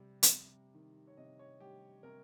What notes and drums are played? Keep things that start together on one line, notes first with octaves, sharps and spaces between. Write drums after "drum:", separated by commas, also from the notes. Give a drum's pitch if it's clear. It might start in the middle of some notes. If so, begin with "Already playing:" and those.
Already playing: C3 G3
drum: hi-hat
C3
D#3
C#5
C3 D#5
C#5
G3 G4
C3 A#4